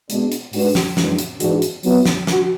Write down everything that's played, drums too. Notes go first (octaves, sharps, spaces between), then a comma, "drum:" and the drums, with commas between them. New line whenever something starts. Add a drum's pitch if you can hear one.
B2 G#3 D4, drum: hi-hat
drum: hi-hat
G#2 G#3 D4 F#4 B4, drum: open hi-hat
drum: snare
F#2 E3 G#3 D4, drum: snare
drum: hi-hat
G#2 E3 G#3 D4 F#4, drum: hi-hat
drum: hi-hat
F#3 B3 E4, drum: open hi-hat
drum: snare
F#4, drum: snare